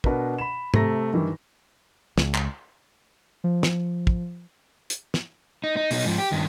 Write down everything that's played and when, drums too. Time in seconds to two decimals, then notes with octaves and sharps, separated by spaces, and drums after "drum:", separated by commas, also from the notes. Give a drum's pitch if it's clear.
0.04 B2 D4 A#4 B4, drum: kick
0.38 B5 E7
0.74 C3 A3 A5 A#5 A#6, drum: tom
1.12 G2 D#3 E3
2.18 C#2, drum: snare
2.34 drum: clap
3.44 F3
3.63 drum: snare
4.07 drum: kick
4.90 drum: hi-hat
5.14 drum: snare
5.64 D#4
5.77 D#4
5.91 B2 D#4, drum: open hi-hat
6.05 G#2 F3
6.18 G4
6.32 G2 D#3